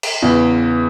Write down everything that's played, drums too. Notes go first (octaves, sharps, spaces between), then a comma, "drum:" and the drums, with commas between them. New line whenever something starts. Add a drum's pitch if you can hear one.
drum: cymbal
E2 C#3 E3